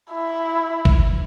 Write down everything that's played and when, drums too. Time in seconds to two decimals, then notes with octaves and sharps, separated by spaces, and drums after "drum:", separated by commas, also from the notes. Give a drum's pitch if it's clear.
0.11 E4
0.85 drum: kick